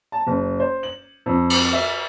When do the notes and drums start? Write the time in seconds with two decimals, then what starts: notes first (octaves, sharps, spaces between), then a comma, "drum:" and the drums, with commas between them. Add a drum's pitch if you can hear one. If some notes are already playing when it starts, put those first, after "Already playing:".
0.12 A5
0.27 F#1
0.60 C5
0.83 F#7
1.26 F2
1.50 drum: cymbal
1.73 E5